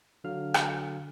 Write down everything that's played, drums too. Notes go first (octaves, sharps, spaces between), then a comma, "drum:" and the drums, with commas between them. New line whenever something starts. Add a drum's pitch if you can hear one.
D3 F#3 F5 F6
drum: rim click